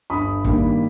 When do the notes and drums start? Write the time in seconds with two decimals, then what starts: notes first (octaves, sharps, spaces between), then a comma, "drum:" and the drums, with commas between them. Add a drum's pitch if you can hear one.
0.10 G1 B5 D#6
0.45 G2 D#3 A#3, drum: kick